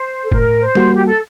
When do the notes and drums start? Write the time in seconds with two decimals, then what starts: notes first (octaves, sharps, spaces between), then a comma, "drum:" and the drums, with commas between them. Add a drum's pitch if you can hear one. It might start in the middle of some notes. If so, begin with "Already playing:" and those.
Already playing: C5
0.24 A4
0.32 A2 A#4, drum: kick
0.61 C5
0.75 G3 A#3 F#4, drum: snare
0.95 G4
1.06 A4